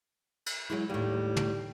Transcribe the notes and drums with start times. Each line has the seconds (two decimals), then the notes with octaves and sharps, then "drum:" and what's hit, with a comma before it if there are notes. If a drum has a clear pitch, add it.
0.46 drum: cymbal
0.70 F#3 G#3 E4
0.90 D#2 A2 G3
1.37 drum: tom